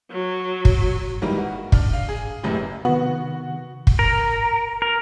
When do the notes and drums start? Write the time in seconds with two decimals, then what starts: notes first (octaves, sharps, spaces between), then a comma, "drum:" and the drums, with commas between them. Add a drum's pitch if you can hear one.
0.11 F#3
0.65 drum: kick
1.22 G#2 D#3 E3 F#3 G3 A#3
1.38 F#4
1.72 D4 F6, drum: kick
1.93 F5
2.09 G#4
2.43 A1 F#2 A2 C3 E3
2.85 C3 D#3 B3 F#4
3.87 drum: kick
3.99 A#4
4.82 A#4